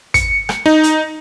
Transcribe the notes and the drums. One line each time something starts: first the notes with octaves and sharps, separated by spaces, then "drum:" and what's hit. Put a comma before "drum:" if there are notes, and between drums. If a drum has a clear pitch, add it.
C#7, drum: kick, hi-hat
drum: rim click
D#4
drum: hi-hat